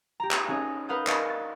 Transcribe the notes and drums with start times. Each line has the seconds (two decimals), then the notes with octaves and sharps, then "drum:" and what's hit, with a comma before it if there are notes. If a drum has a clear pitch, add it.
0.20 G4 A#5
0.31 drum: clap
0.48 C#4 D#4 G#4 C#5 D#5
0.88 A#4 B4 F5 F#5 D#6 G6
1.07 B4 D5 D#5 F5, drum: clap
1.30 A6